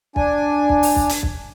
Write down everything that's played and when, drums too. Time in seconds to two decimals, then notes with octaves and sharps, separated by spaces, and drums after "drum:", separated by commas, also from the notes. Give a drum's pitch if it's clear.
0.16 D4 G#5, drum: kick
0.69 drum: kick
0.83 drum: open hi-hat
0.96 drum: kick
1.09 drum: hi-hat
1.23 drum: kick